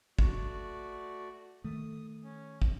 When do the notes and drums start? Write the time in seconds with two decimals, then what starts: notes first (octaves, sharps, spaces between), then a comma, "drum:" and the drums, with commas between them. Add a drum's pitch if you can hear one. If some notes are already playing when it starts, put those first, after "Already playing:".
0.19 A3 F#4 D5, drum: kick
1.64 D#3 A3 D#6
2.23 C#4
2.62 drum: kick